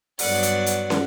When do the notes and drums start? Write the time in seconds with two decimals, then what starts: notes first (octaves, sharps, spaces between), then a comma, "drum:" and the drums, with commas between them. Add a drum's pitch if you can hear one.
0.19 G2 F#3 B3 D5 F#5, drum: open hi-hat
0.43 drum: hi-hat
0.66 drum: hi-hat
0.90 drum: snare